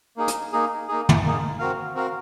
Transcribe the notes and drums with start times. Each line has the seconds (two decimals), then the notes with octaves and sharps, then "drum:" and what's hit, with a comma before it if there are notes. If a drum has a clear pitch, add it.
0.17 A#3 D#4 G#4
0.28 drum: hi-hat
0.53 A#3 D#4 G#4
0.88 A#3 D#4 G#4
1.09 drum: tom
1.24 A#3 D#4 G#4
1.59 C4 F#4 A#4 F5
1.94 C4 F#4 A#4 F5